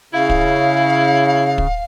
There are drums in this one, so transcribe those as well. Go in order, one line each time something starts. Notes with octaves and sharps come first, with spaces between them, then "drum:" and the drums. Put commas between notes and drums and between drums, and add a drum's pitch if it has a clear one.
C#3 E4 F5
drum: kick
drum: kick